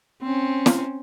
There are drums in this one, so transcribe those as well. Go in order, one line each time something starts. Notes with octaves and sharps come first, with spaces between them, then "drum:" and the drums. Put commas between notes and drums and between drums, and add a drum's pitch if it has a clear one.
C4 C#4
drum: snare